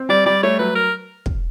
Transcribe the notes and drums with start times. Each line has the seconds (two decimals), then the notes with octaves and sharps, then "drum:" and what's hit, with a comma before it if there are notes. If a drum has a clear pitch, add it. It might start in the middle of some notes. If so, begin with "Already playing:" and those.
Already playing: C4
0.09 G3 D5
0.26 G3 D5
0.43 A3 C#5
0.59 F#3 B4
0.75 A#4
1.26 drum: kick